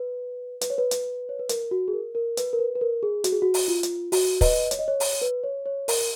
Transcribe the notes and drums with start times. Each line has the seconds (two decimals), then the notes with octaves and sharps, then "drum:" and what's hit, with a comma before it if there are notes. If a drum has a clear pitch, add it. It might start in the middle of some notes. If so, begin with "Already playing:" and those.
Already playing: B4
0.61 B4, drum: hi-hat
0.70 C#5
0.78 B4
0.91 drum: hi-hat
1.29 C#5
1.39 B4
1.49 A#4, drum: hi-hat
1.71 F#4
1.88 G#4
1.93 A#4
2.15 A#4
2.37 B4, drum: hi-hat
2.53 A#4
2.59 B4
2.75 B4
2.81 A#4
3.03 G#4
3.24 F#4, drum: hi-hat
3.32 G#4
3.42 F#4
3.54 drum: open hi-hat
3.68 F4
3.83 drum: hi-hat
4.12 F#4, drum: open hi-hat
4.41 B4 D#5, drum: kick, open hi-hat
4.71 C#5, drum: hi-hat
4.79 D#5
4.88 C#5
5.00 C#5, drum: open hi-hat
5.22 B4
5.44 C#5
5.66 C#5
5.88 A#4, drum: open hi-hat